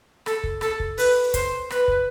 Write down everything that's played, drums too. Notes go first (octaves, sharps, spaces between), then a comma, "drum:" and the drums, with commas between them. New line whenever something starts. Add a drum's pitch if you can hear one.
A4, drum: rim click
drum: kick
A4, drum: rim click
drum: kick
B4, drum: open hi-hat
C5, drum: kick, hi-hat
B4, drum: rim click
drum: kick